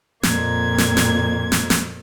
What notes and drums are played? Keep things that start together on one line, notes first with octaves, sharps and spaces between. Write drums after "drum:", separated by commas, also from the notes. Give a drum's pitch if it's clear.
F2 A#2 A#3 G#6, drum: snare
drum: snare
drum: snare
drum: snare
drum: snare